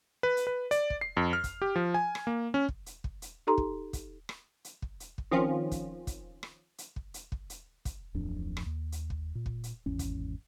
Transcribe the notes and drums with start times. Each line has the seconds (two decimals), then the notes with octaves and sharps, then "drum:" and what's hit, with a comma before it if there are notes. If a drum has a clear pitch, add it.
0.23 B4
0.37 drum: hi-hat
0.47 B4
0.71 D5, drum: hi-hat
0.90 drum: kick
1.01 C7
1.17 F2
1.33 F6
1.44 drum: kick, hi-hat
1.62 G4
1.76 F3
1.94 G#5
2.15 drum: rim click
2.27 A#3
2.54 C#4
2.68 drum: kick
2.86 drum: hi-hat
3.04 drum: kick
3.22 drum: hi-hat
3.47 D#4 G4 A4 A#5 C6
3.58 drum: kick
3.93 drum: kick, hi-hat
4.29 drum: rim click
4.65 drum: hi-hat
4.82 drum: kick
5.00 drum: hi-hat
5.18 drum: kick
5.31 D#3 F3 C4 C#4 F4
5.71 drum: kick, hi-hat
6.07 drum: kick, hi-hat
6.43 drum: rim click
6.78 drum: hi-hat
6.96 drum: kick
7.14 drum: hi-hat
7.32 drum: kick
7.50 drum: hi-hat
7.85 drum: kick, hi-hat
8.14 D1 A1 F2 D4
8.57 drum: rim click
8.66 D#2
8.92 drum: hi-hat
9.10 drum: kick
9.35 A#2
9.46 drum: kick
9.64 drum: hi-hat
9.86 G#1 E2 C#4
9.99 drum: kick, hi-hat